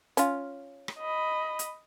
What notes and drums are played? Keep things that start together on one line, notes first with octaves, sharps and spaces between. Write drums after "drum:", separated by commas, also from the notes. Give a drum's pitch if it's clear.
C#4 F4, drum: hi-hat
drum: rim click
D#5 B5
drum: hi-hat